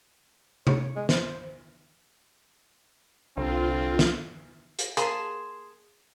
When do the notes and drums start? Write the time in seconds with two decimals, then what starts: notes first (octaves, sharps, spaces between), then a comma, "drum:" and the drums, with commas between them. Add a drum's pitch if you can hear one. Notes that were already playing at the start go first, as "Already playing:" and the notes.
0.67 C#5, drum: tom C3
0.96 G#3
1.09 C5, drum: snare
3.37 C2 D3 C4 F4
3.99 drum: snare
4.79 drum: hi-hat
4.97 A#3 G#4 A5 C6, drum: hi-hat